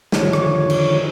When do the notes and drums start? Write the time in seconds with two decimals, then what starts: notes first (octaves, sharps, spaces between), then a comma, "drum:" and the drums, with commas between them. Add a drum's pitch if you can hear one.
0.12 D3 D#3 F3 C#5, drum: snare
0.33 drum: rim click
0.70 drum: cymbal